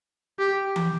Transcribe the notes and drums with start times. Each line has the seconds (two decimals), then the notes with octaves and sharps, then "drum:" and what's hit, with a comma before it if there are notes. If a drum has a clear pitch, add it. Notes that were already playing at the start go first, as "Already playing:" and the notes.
0.39 G4
0.76 drum: tom E3